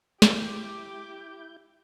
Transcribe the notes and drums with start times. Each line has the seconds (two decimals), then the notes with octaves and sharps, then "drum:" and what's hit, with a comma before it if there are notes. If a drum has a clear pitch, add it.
0.22 E4 G4 D6 G6, drum: snare